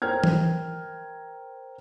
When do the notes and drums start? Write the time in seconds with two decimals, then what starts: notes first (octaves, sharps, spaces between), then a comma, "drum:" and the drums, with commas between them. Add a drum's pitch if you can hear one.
0.02 A#4 C5 G5 A#5 F6 G#6
0.24 drum: tom E3